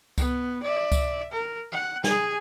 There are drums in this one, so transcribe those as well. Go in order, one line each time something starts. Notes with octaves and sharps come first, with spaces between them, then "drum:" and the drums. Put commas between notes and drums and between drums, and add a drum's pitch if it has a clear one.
B3, drum: kick C#2, tambourine
D5 E5
drum: kick C#2, tambourine
A#4
F#5
G#4 G#5, drum: snare